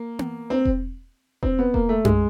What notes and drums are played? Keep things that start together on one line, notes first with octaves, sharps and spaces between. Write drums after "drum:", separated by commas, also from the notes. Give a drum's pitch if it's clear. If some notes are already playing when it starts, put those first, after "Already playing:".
Already playing: A#3
drum: tom B3
C4
drum: kick E1
C4, drum: kick E1
B3
A#3, drum: kick E1
A3
G#3, drum: tom F#2